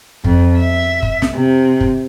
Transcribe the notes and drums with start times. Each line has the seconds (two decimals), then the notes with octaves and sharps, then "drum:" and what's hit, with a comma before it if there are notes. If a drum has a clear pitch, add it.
0.24 F2, drum: kick
0.59 E5
1.02 drum: kick
1.22 drum: snare
1.34 C3
1.80 drum: kick